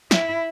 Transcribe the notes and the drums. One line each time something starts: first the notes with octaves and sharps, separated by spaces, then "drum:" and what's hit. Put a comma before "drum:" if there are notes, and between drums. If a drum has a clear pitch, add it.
E4, drum: snare